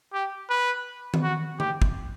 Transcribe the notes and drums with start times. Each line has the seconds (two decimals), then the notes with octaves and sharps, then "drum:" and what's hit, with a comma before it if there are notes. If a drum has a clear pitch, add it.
0.14 G4
0.50 B4
1.14 drum: tom D#3
1.23 F#4
1.60 G4, drum: tom D3
1.82 drum: kick